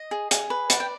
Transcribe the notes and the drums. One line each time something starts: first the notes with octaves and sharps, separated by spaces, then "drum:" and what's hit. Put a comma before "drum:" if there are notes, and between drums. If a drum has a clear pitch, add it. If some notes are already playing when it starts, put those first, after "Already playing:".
Already playing: D#5
G#4
G#4, drum: hi-hat
B4
D5 F#5, drum: hi-hat
G5